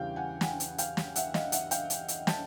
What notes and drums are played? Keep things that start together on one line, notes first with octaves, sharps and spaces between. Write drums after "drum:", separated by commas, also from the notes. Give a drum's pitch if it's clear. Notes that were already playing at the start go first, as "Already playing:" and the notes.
Already playing: E2 C#3 E3 G3 F5 G5
F#5 G#5
F#5 G#5, drum: snare
drum: hi-hat
F5 G5, drum: hi-hat
drum: snare
E5 F#5, drum: hi-hat
D#5 F5, drum: snare
E5 F#5, drum: hi-hat
F5 G5, drum: hi-hat
drum: hi-hat
drum: hi-hat
G5 A5, drum: snare